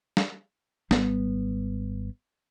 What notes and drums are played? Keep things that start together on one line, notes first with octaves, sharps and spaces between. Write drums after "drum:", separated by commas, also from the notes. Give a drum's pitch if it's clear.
drum: snare
G#1 G3 B3, drum: snare